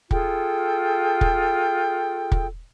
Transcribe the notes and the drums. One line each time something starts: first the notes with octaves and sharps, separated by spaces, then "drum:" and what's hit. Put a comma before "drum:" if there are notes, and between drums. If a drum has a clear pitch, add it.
F4 G#4 A4 G5, drum: kick
drum: kick
drum: kick